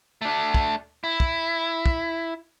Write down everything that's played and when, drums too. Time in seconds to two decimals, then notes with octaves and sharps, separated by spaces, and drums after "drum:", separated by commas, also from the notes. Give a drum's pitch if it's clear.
0.22 A3 D4
0.54 drum: kick
1.04 E4
1.20 drum: kick
1.86 drum: kick